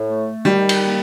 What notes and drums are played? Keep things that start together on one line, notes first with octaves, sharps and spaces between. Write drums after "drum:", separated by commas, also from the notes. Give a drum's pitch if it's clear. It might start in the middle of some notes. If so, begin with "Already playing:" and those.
Already playing: A2
A3
D#3 G3
drum: cymbal
A#3